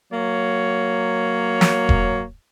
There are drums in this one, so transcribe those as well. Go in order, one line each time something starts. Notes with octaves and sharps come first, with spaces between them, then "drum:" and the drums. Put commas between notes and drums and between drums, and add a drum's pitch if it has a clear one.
F#3 A#3 C#5
drum: snare
drum: kick E1